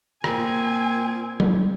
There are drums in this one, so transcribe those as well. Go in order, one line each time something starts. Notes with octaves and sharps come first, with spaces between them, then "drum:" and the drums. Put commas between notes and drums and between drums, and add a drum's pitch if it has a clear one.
A#2 C4 G#5, drum: rim click
drum: tom F#3